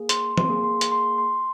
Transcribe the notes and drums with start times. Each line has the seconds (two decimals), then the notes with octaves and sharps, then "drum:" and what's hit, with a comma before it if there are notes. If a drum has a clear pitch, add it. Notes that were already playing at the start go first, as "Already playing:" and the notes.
Already playing: A#3 G#4
0.09 C6, drum: hi-hat
0.38 C6, drum: tom
0.49 A#3 G#4
0.64 C6
0.81 drum: hi-hat
0.92 C6
1.18 C6